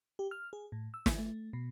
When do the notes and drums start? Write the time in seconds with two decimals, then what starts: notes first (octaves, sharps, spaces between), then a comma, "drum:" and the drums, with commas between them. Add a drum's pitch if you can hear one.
0.19 G4
0.31 F6
0.53 G#4
0.72 A2
0.94 E6
1.06 D#3, drum: snare
1.19 A3
1.53 B2